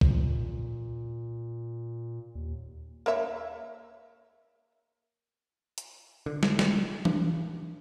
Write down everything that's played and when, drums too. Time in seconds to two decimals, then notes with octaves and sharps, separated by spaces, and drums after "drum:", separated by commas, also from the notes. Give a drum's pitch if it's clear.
0.01 A#2, drum: kick
2.35 D#2
3.06 A#3 C#5 E5
5.78 drum: hi-hat
6.26 D3
6.43 drum: snare
6.59 drum: snare
7.05 D4, drum: tom E3